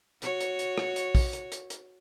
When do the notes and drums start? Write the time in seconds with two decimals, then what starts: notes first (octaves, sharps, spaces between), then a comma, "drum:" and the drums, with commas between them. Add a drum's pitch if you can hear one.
0.22 F#4 C#5, drum: hi-hat
0.40 drum: hi-hat
0.59 drum: hi-hat
0.78 drum: rim click
0.96 drum: hi-hat
1.15 drum: kick, open hi-hat
1.33 drum: hi-hat
1.52 drum: hi-hat
1.70 drum: hi-hat